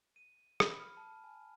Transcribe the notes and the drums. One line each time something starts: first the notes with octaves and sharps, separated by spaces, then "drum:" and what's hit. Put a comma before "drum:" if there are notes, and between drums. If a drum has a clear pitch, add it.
D#7
B5, drum: rim click
F6
A5
G#5